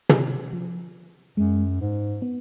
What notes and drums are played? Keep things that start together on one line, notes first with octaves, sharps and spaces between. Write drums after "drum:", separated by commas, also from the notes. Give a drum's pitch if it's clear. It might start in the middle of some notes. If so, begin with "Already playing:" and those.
drum: tom
F3
F#2 G#3
G#2
B3